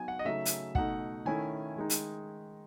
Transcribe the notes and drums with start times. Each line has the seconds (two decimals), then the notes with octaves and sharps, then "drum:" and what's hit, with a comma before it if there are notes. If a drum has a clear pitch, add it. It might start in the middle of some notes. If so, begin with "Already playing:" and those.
Already playing: F#3 B3 D#4 G#5
0.08 F#5
0.19 D#5
0.25 C#3 F#3 A3 D#4 E5
0.46 drum: hi-hat
0.75 B2 A3 D#4 F#5, drum: kick
1.25 D#3 A3 C#4 E4 G#5
1.77 D#3 G#3 D#4
1.90 drum: hi-hat